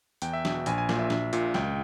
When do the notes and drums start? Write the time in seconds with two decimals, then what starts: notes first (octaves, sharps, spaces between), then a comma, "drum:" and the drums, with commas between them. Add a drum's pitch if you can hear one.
0.22 E2 G5, drum: hi-hat
0.33 E5
0.45 B2, drum: snare
0.66 A#1 G#5, drum: hi-hat
0.78 G#5
0.89 A#2, drum: snare
0.99 E5
1.10 A#1, drum: snare
1.33 A#2, drum: hi-hat
1.54 C#2 G5, drum: snare